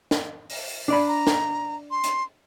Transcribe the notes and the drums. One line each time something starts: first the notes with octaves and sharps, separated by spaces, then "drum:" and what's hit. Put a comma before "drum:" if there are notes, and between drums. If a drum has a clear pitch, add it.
drum: snare
drum: open hi-hat
D4 D5 B5
A#5
drum: snare
C6
drum: hi-hat